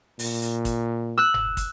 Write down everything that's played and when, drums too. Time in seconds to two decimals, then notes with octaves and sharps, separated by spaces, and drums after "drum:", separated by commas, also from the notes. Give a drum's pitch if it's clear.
0.19 A#2, drum: open hi-hat
0.42 drum: hi-hat
0.65 drum: kick, hi-hat
1.18 E6 F#6
1.34 drum: tom F#1
1.57 drum: kick, hi-hat